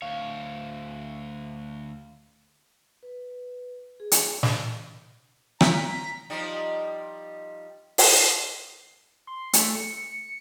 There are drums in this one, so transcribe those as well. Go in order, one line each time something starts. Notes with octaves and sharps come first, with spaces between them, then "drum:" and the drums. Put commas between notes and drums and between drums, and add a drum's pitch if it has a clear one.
D2 C#5 F5
B4
G#4
drum: hi-hat
drum: snare
A#5 B6, drum: rim click
F3 G3 D#4
drum: open hi-hat
C6
A3, drum: hi-hat
C#7